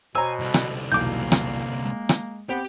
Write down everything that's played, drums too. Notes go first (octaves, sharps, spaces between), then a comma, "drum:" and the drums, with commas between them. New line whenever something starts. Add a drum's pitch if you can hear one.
B2 C5 C#5 G#5 A#5 E6
C2 D3
drum: rim click
B1 E2 B2 A#3 D6 G6
drum: rim click
G#3
drum: rim click
B3 C4 G4